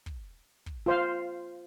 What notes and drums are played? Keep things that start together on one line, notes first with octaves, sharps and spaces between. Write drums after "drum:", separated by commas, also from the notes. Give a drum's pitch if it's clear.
drum: kick
drum: kick
F4 C5 F5